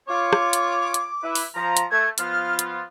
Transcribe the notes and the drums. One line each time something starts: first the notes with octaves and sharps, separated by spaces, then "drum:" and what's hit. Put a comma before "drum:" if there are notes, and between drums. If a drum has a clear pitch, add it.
F4 C#5 D6
drum: rim click
drum: hi-hat
drum: hi-hat
E4 B4
drum: open hi-hat
F3 A#5
drum: hi-hat
A3 G#6
F3 B3 F4 F6, drum: hi-hat
drum: hi-hat